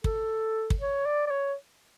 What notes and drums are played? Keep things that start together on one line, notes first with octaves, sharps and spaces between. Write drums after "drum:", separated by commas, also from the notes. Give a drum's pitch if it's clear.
A4, drum: kick
drum: kick
C#5
D5
D5
C#5